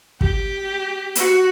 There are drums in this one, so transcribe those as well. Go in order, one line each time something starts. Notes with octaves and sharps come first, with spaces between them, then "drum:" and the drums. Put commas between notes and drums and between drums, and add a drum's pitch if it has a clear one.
G4, drum: kick
F#4, drum: hi-hat